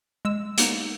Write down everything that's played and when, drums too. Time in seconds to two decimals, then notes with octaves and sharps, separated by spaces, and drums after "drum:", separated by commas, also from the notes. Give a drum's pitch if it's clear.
0.25 G#3 E6 E7
0.58 A#3 B3 D#4, drum: hi-hat